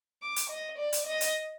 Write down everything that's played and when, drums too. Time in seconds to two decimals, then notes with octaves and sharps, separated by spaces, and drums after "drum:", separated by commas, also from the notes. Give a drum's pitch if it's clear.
0.22 D6
0.36 drum: hi-hat
0.50 D#5
0.78 D5
0.93 drum: hi-hat
1.06 D#5
1.21 drum: hi-hat